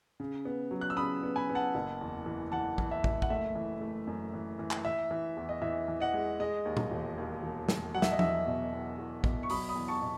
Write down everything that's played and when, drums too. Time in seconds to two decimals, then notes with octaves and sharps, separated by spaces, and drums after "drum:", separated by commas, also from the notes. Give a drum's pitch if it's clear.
0.20 C#3
0.45 B3
0.71 F#3
0.81 F#6
0.90 E6
0.97 C#3 B5 D#6
1.23 B3
1.36 G#5 B5
1.50 B3
1.55 F#5 A5
1.75 F#1
2.01 E2
2.26 E3
2.52 E3 F#5 A5
2.78 E3, drum: kick
2.91 E5
3.04 F#1, drum: kick
3.22 F#5, drum: kick
3.30 A3 E5
3.55 E3
3.81 A3
4.07 F#2
4.34 E3
4.59 E3
4.71 drum: clap
4.85 E3 E5
5.11 E3
5.37 E2
5.49 D#5
5.62 E3 E5
5.88 E3
6.00 D#5 F#5
6.14 G#3
6.40 G#3 D#5
6.65 D#2
6.77 drum: tom A#2
6.91 E1
7.18 D#2
7.43 E1
7.69 E1, drum: snare
7.94 F#3 F#5
8.02 E5, drum: snare
8.12 D#5
8.19 E2 E5, drum: tom F3
8.47 B2
8.73 E2
8.98 E2
9.24 B2, drum: kick
9.43 C#6
9.50 F#3 B5 D#6, drum: open hi-hat
9.69 B5 D#6
9.75 E2
9.88 A5 C#6
10.02 B2